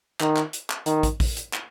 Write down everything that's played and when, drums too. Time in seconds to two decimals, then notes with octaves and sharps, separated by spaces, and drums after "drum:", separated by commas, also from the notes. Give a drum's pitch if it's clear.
0.20 D#3, drum: clap
0.37 drum: clap
0.53 drum: hi-hat
0.70 drum: clap
0.86 D#3, drum: hi-hat
1.03 drum: kick, hi-hat
1.20 drum: kick, open hi-hat
1.37 drum: hi-hat
1.53 drum: clap